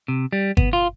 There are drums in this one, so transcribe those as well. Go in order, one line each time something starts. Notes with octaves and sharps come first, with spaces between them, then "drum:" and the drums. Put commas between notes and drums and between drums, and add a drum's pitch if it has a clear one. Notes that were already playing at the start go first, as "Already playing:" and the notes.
C3
G3
B3, drum: kick G1
F4